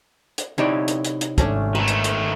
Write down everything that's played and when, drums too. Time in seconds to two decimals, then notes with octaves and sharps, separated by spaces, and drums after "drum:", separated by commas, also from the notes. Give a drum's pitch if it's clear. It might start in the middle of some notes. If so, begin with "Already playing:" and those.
0.38 drum: hi-hat
0.58 C3 D#4 E4 C#5 D5
0.88 drum: hi-hat
1.05 drum: hi-hat
1.21 drum: hi-hat
1.38 G#1 A3 C#4 D4, drum: kick, hi-hat
1.75 D#3 A3 B4
1.88 drum: hi-hat
2.04 drum: hi-hat